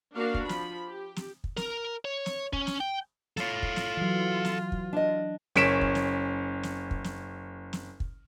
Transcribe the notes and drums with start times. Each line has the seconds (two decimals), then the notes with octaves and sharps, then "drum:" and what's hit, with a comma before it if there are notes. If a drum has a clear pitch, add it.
0.15 A#3 D4 F#4 F5
0.34 drum: kick
0.49 F3 B5, drum: snare
0.88 G4
1.16 drum: snare
1.44 drum: kick
1.57 A#4, drum: snare
2.05 C#5
2.26 drum: snare
2.53 C#4, drum: kick
2.67 drum: snare
2.81 G5
3.37 F4 A4 C#5, drum: snare
3.63 drum: kick
3.76 drum: snare
3.97 E3 F#3
4.45 drum: snare
4.72 drum: kick
4.93 D4 D#5
5.56 F#1 C#4 B6 D7 E7, drum: snare
5.81 drum: kick
5.95 drum: snare
6.63 drum: snare
6.91 drum: kick
7.04 drum: snare
7.73 drum: snare
8.00 drum: kick